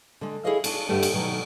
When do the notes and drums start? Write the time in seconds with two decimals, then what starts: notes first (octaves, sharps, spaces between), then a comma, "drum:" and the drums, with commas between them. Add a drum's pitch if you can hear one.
0.21 D3 G#3
0.44 E4 G#4 A4 C#5 D#5 F5
0.64 D4 F#4, drum: cymbal
0.89 G2 D3 G3 A3
1.03 drum: cymbal
1.13 B2 D#3 F#3 A3